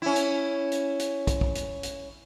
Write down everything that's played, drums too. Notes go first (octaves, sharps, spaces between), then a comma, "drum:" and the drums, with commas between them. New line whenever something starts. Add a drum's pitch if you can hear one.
C#4 E4
drum: hi-hat
drum: hi-hat
drum: hi-hat
drum: kick, hi-hat
drum: kick
drum: hi-hat
drum: hi-hat